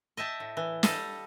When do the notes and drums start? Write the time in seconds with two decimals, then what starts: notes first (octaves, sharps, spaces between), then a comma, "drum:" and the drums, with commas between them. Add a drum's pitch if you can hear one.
0.17 D#5 E5 G5 A5
0.40 A2
0.57 E3
0.83 G3 A4 D#5 F5, drum: snare